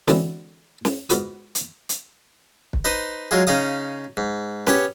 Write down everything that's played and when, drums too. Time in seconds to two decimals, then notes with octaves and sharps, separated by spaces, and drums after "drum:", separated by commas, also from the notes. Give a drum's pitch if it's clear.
0.08 D3 E3 G#3 B3 C4 F#4, drum: snare
0.85 drum: snare
1.10 G#2 B3 F4 F#4 B4 D#6, drum: hi-hat
1.55 drum: hi-hat
1.89 drum: hi-hat
2.73 drum: kick
2.85 D#4 B4 C5 D#6
3.31 F#3 G#3 F4 G#4
3.47 C#3 C#4 D#4 F5 D#6
4.17 G#2
4.67 B3 C#4 G4 C#5, drum: snare